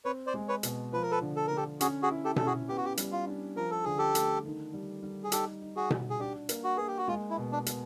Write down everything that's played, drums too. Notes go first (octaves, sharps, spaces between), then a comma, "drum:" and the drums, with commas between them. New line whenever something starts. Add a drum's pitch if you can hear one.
C4 B4 C#5
C5 D5
G#3
B4 C#5
B2, drum: hi-hat
F3 B4
A#4
A4 B4
D3
A4
D3 A#4
G4 A4
C#4 F#4 G#4, drum: hi-hat
F#4 G#4
E4
G4 A4
C#4 A4, drum: tom B2
F#4 G#4
B3 G4
F#4
G4
G3, drum: hi-hat
F4
D4
F3 A#4
A4
D3 G#4
G4 A4
A3, drum: hi-hat
D#3
G3
G3
G#4
D#4 G4 A4, drum: hi-hat
D#4
F#4 G#4
F#4, drum: tom B2
G#4
D4 G4
A#3, drum: hi-hat
F#4
A#3 G#4
G4
F#4
G#3 F4
E4
B2
D4
B2, drum: hi-hat